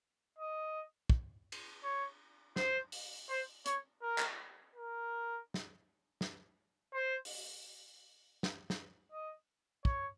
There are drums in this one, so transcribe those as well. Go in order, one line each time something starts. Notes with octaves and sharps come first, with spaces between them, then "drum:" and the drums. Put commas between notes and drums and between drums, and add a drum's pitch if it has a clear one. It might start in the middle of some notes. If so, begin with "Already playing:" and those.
D#5
drum: kick
drum: cymbal
C#5
C5, drum: snare
drum: open hi-hat
C5
C#5, drum: hi-hat
A#4
drum: clap
A#4
drum: snare
drum: snare
C5
drum: open hi-hat
drum: snare
drum: snare
D#5
C#5, drum: kick